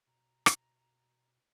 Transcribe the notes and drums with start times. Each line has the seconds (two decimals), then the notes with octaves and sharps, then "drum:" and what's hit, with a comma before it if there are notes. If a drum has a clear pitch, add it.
0.07 B2 A#5
0.46 drum: rim click